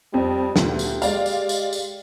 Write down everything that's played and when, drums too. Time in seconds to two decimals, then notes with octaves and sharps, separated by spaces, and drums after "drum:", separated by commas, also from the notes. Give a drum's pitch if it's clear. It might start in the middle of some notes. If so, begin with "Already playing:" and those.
0.13 F2 G3 C4
0.56 D2 A#2 G4, drum: snare
0.79 drum: tambourine
1.02 G#3 D5 F5, drum: tambourine
1.26 drum: tambourine
1.49 drum: tambourine
1.73 drum: tambourine